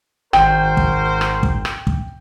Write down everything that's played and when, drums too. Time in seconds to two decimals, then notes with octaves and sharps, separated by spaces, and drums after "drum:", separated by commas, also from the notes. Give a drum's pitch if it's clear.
0.33 G#1 F#4 A#4 C5 G5, drum: rim click
0.77 drum: kick
1.21 drum: rim click
1.43 drum: kick
1.65 drum: rim click
1.87 drum: kick